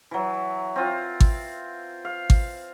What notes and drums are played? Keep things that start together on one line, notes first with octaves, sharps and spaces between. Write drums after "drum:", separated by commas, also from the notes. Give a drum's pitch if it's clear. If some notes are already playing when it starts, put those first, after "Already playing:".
E3 F#3
C4 F4
drum: kick G#1
F5
drum: kick G#1